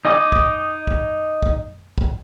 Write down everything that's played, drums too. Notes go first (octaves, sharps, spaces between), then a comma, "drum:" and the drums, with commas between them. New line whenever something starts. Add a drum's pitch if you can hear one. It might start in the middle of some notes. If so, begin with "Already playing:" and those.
D#4 D#5 G#5 D6 D#6
drum: kick
drum: kick
drum: kick
drum: kick